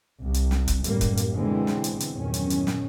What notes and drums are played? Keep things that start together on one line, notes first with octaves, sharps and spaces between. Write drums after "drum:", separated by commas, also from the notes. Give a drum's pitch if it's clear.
C2 C3
drum: hi-hat
drum: snare
drum: kick, hi-hat
F#2 A2 G3 A#3, drum: hi-hat
drum: kick, hi-hat
drum: hi-hat
B2 D3 E3 G#3 C4
drum: snare
drum: hi-hat
drum: hi-hat
E2 G2 A#2 D#3 F#3 C#4
drum: hi-hat
drum: hi-hat
drum: snare